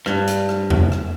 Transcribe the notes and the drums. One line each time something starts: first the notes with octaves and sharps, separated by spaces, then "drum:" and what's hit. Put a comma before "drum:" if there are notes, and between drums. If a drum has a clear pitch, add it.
G2, drum: rim click
drum: hi-hat
drum: rim click
drum: tom E2
drum: rim click